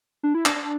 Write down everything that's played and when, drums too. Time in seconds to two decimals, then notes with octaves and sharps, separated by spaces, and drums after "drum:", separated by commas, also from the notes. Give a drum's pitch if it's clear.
0.23 D4
0.35 E4
0.45 D4, drum: clap
0.56 D4